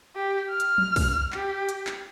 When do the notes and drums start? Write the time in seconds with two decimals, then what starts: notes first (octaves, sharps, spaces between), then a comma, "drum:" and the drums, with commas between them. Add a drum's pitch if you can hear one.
0.15 G4
0.50 F6
0.60 drum: hi-hat
0.78 drum: tom F3
0.96 drum: kick, open hi-hat
1.32 G4, drum: clap
1.69 drum: hi-hat
1.87 drum: clap